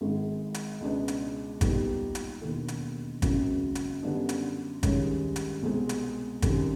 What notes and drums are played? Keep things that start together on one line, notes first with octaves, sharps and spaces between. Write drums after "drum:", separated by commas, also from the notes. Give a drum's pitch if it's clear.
G#1 G#2 D#3 G#3
drum: hi-hat
C#2 B2 G#3 B3 D4
drum: hi-hat
A#2 G3 B3 D#4 G4, drum: kick G#1, hi-hat
drum: hi-hat
E1 D#2 D#3
drum: hi-hat
G#1 F#2 C#3 F#3 A#3, drum: kick G#1, hi-hat
drum: hi-hat
F#2 D3 G3 B3 D4
drum: hi-hat
G2 D#3 G#3 C#4, drum: kick G#1, hi-hat
drum: hi-hat
C2 B2 G#3 C4
drum: hi-hat
F#2 D#3 G3 C4, drum: kick G#1, hi-hat